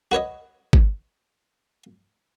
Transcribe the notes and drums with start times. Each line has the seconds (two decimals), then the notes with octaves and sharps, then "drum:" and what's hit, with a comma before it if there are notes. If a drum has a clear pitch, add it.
0.11 F#4 B4 C#5 D#5
0.73 drum: kick